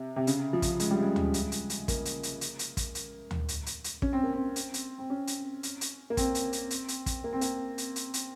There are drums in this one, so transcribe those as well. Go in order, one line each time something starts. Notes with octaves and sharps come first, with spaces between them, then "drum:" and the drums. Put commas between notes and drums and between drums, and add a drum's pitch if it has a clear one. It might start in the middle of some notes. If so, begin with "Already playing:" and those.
Already playing: C3
C3
C#3, drum: hi-hat
F3
drum: kick, hi-hat
G#3, drum: hi-hat
G3
G#3
drum: tom D2
drum: hi-hat
drum: hi-hat
drum: hi-hat
A#3, drum: kick, hi-hat
drum: hi-hat
drum: hi-hat
drum: hi-hat
drum: hi-hat
drum: kick, hi-hat
drum: hi-hat
drum: tom D2
drum: hi-hat
drum: hi-hat
drum: hi-hat
C#4, drum: kick
C4
A#3
C4
drum: hi-hat
drum: hi-hat
C4
C#4
drum: hi-hat
drum: hi-hat
drum: hi-hat
A#3
C4, drum: kick, hi-hat
drum: hi-hat
drum: hi-hat
drum: hi-hat
drum: hi-hat
drum: kick, hi-hat
A#3
C4
A#3, drum: hi-hat
drum: hi-hat
drum: hi-hat
drum: hi-hat